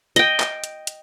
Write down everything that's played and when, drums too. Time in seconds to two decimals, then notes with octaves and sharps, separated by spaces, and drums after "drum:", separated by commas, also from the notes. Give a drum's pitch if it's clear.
0.16 D#5 G5, drum: hi-hat
0.40 drum: clap
0.64 drum: hi-hat
0.87 drum: hi-hat